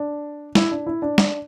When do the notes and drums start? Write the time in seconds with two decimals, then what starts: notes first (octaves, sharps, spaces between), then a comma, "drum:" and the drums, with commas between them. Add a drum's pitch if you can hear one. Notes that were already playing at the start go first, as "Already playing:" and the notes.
Already playing: D4
0.55 E4, drum: snare
0.71 D4
0.87 E4
1.02 D4
1.18 D4, drum: snare